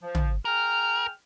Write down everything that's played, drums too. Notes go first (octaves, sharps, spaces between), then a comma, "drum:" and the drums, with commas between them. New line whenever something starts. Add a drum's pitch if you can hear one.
F3
drum: tom
G#4 A#4 G5 F6